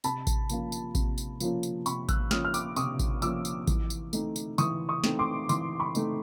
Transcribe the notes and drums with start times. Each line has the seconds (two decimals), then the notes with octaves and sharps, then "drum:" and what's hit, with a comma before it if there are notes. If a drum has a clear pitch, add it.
0.04 C3 A5 B5, drum: tambourine
0.27 drum: kick A1, tambourine
0.49 F3 A#3 C#4 F4, drum: tambourine
0.72 drum: tambourine
0.95 C3, drum: kick A1, tambourine
1.18 drum: tambourine
1.40 F3 A#3 C#4 F4, drum: tambourine
1.63 drum: tambourine
1.86 C3 B5 C#6, drum: tambourine
2.09 E6 F#6, drum: kick A1, tambourine
2.31 F3 A#3 C#4 F4 D#6 F6, drum: snare
2.45 F6
2.54 D6 E6, drum: tambourine
2.76 C3 C#6 D#6, drum: tambourine
2.99 drum: kick A1, tambourine
3.22 F3 A#3 C#4 F4 D6 E6, drum: tambourine
3.45 drum: tambourine
3.67 E3, drum: kick A1, tambourine
3.90 drum: tambourine
4.13 A3 C4 D#4, drum: tambourine
4.36 drum: tambourine
4.58 E3 C#6 D#6, drum: tambourine
4.89 C#6 D#6
5.04 A3 C4 D#4, drum: snare
5.19 C6 D6
5.49 E3 C6 D6, drum: tambourine
5.80 B5 C#6
5.95 A3 C4 D#4, drum: tambourine